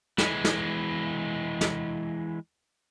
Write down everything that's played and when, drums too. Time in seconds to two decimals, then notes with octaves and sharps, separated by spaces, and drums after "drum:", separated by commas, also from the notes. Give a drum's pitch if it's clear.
0.18 E3 G#3, drum: snare
0.45 drum: snare
1.61 drum: snare